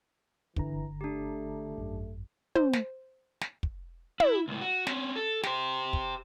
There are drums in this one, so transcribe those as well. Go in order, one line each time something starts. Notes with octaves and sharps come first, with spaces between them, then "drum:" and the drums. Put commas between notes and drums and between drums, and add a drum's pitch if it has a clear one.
G1 D3 E3 A#5, drum: kick
A3 D4 G4
G#1 F#2
C5, drum: tom
drum: snare
drum: snare
drum: kick
E4, drum: tom
C#2 A2
F#4
C4 C#4, drum: snare
A4
G4 C5, drum: snare
drum: kick